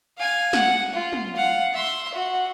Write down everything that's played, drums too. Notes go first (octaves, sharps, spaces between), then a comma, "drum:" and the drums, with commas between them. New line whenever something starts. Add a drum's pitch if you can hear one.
F5 G#5
F#5, drum: snare
F4
drum: tom
F5 F#5
E5 C6
F#4